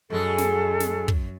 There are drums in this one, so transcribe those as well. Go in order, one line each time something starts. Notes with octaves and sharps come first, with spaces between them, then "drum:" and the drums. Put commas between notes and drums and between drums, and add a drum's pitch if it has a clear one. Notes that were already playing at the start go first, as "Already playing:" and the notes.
F#2 B2 G#3 G#4 A4
drum: snare
drum: snare
drum: kick